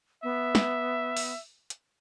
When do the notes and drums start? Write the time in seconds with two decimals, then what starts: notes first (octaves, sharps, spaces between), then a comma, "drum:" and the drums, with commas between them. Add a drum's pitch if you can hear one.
0.23 B3 E5
0.55 drum: snare
1.17 drum: open hi-hat
1.70 drum: hi-hat